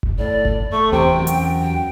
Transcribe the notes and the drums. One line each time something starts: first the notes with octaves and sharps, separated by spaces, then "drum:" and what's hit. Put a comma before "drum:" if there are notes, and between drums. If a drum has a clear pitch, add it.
drum: kick F#1
A2 D5
drum: kick F#1
A3 C#6
E2 C3 G5
F#2
drum: hi-hat
G5